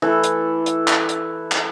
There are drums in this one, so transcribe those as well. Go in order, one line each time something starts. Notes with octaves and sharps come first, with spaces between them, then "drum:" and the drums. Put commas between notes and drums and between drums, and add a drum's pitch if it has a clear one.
E3 A3 E4 A4
drum: hi-hat
drum: hi-hat
drum: clap
drum: hi-hat
drum: clap